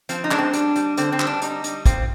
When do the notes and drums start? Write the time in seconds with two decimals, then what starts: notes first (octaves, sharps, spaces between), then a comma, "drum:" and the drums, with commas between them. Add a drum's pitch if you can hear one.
0.09 F3 C4, drum: hi-hat
0.24 D#4
0.31 G#3 D4, drum: clap
0.39 C4
0.53 G3 D4, drum: hi-hat
0.76 G3, drum: hi-hat
0.97 D3 C4, drum: hi-hat
1.12 C4
1.20 G3, drum: clap
1.27 D4
1.42 G3 D#4, drum: hi-hat
1.64 G3, drum: hi-hat
1.86 A#2 C4, drum: kick, hi-hat